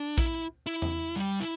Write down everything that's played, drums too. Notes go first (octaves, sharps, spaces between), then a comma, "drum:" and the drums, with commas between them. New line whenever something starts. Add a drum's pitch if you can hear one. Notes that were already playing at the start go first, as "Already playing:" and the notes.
Already playing: D4
E4, drum: kick A#1
E4
drum: tom E2
G3
E4